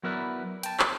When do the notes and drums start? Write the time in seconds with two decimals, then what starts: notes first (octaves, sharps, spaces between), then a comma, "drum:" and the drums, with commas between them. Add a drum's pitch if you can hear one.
0.03 F#3 B3 E4 A#4 B4 D5
0.63 G5 A5, drum: hi-hat
0.80 drum: clap